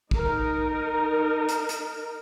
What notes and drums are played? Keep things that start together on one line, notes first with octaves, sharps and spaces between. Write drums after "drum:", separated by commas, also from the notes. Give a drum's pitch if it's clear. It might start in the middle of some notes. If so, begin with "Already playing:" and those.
D#4 A#4, drum: kick
drum: hi-hat
drum: hi-hat